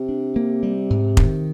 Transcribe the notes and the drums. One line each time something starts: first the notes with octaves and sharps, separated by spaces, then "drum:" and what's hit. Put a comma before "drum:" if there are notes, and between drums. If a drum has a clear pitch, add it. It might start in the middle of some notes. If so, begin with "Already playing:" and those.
Already playing: C3
D4
A#3
G3
G#2
D#3, drum: kick F1